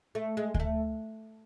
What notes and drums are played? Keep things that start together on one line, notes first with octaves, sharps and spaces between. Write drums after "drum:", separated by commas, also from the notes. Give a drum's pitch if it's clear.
A3
G#3
G#3, drum: kick D2
A3